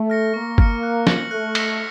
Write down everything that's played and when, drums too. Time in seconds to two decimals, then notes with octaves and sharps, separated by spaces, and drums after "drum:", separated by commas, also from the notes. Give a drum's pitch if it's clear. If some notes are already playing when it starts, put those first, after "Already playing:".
Already playing: A3
0.10 F6 A#6 C#7
0.34 A#3 C#6
0.58 F6 A#6 C#7, drum: kick G1
0.83 F#6
1.07 A#6 C#7 F#7, drum: snare
1.31 A3 F#6
1.55 A#6 C#7 F#7, drum: cymbal